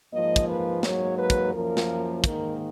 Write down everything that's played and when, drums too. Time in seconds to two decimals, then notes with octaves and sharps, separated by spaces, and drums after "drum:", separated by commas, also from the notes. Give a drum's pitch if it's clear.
0.12 G#2 F3 A#3 D#5
0.36 drum: kick, hi-hat
0.48 B4
0.83 G#2 F#3 A#3 C#5, drum: snare
1.18 B4
1.30 drum: kick, hi-hat
1.53 F#2 F3 A#3 A#4
1.77 drum: snare
2.24 G#2 D#3 A#3 A#4, drum: kick, hi-hat